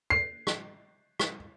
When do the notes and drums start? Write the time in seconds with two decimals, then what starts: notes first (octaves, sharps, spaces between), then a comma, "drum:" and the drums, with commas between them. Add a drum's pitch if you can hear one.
0.10 C7
0.47 drum: rim click
1.19 drum: rim click